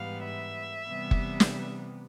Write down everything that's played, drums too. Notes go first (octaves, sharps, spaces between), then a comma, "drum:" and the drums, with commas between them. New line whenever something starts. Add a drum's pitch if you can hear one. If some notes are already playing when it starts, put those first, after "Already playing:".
Already playing: G#2 E3 G3 B3 F5
E5
C3 E3 G3 B3
drum: kick F#1
drum: snare